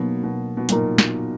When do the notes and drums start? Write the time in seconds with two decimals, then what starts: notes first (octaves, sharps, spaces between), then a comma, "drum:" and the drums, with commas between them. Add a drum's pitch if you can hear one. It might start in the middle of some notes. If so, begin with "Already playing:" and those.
Already playing: B2 F#3 A#3 D#4 A#4
0.24 B2
0.57 B2
0.69 A#2 F#3 A#3 D#4 A#4, drum: hi-hat
0.98 drum: snare